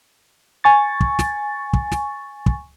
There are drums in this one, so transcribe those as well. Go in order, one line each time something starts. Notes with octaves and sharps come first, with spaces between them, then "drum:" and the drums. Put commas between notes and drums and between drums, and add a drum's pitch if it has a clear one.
G#5 C#6 A6
drum: kick
drum: snare
drum: kick
drum: snare
drum: kick